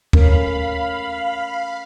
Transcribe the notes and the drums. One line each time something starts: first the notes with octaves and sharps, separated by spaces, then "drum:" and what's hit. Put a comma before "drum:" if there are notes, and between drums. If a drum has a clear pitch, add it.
A3 C#4 A#4 F5 B5, drum: kick D2